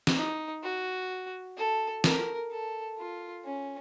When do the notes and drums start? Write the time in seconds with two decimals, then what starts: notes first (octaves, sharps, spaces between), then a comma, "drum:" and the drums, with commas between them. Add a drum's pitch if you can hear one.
0.07 drum: snare
0.17 D#4
0.64 F#4
1.57 A4
2.04 A#4, drum: snare
2.51 A4
2.98 F4
3.45 C#4